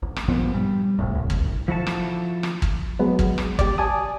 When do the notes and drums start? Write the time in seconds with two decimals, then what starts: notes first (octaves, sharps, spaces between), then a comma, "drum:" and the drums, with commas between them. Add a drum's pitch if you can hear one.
0.02 A1
0.16 drum: rim click
0.28 G2 A#2 F3 B3
0.54 G3
0.99 F1 C2 A2
1.15 D1 C2
1.30 drum: kick
1.45 F#1
1.68 F3 E4 F#4 A4 A5
1.87 drum: rim click
2.43 drum: rim click
2.62 drum: kick
2.99 F#3 G#3 B3
3.19 drum: kick
3.38 drum: rim click
3.59 G4 D5, drum: kick
3.78 D5 G#5 A5 D#6